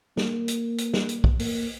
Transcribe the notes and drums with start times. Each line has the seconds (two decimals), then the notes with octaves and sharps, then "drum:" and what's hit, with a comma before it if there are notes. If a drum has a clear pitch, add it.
0.17 A#3, drum: snare
0.48 drum: hi-hat
0.78 drum: hi-hat
0.94 drum: snare
1.09 drum: hi-hat
1.24 drum: kick
1.39 A#3, drum: open hi-hat